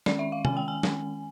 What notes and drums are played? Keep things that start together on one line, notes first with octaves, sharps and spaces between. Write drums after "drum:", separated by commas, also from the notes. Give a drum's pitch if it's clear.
D#3 G#3 C#4 D5, drum: snare
E5
F5
D#3 G#3 C#4 G#5, drum: tom C3
G5
G#5
D#3 G#3 C#4, drum: snare